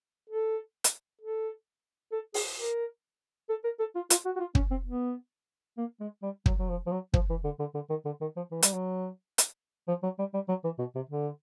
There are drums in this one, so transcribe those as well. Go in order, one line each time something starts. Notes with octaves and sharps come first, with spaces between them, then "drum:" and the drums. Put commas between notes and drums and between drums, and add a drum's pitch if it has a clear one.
A4
drum: hi-hat
A4
A4
G#4, drum: open hi-hat
A#4
A4
A#4
A4
F4
F4, drum: hi-hat
F#4
F#4
F4
C#4, drum: kick
C4
B3
A#3
G#3
G3
F#3, drum: kick
F#3
F3
F3
F#3
F3, drum: kick
E3
D3
D3
D3
D#3
D3
D#3
F3
E3
G3, drum: hi-hat
F#3
drum: hi-hat
F3
F#3
G3
G3
F#3
E3
B2
C3
D3